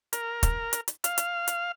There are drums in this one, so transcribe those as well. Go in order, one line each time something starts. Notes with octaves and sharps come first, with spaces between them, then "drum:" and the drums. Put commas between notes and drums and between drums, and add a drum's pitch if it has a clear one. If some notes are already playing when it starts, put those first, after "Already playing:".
A#4, drum: hi-hat
drum: kick, hi-hat
drum: hi-hat
drum: hi-hat
F5, drum: hi-hat
drum: hi-hat
drum: hi-hat